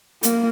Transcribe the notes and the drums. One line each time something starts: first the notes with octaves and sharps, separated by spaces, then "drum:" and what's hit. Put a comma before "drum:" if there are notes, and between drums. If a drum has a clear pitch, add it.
A#3, drum: hi-hat